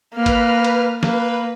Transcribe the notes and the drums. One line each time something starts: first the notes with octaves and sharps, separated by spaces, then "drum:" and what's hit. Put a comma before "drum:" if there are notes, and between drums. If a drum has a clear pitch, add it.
A#3 B4 F6
drum: kick, cymbal
drum: cymbal
A#3 B4, drum: snare